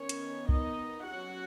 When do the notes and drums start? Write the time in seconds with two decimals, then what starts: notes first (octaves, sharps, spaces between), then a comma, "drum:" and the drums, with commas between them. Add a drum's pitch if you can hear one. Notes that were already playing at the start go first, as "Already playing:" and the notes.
Already playing: D#3 B3 C#4 C#5
0.09 drum: hi-hat
0.49 D#4 D#5, drum: kick C2
1.07 F#3 C#4 F#4 F#5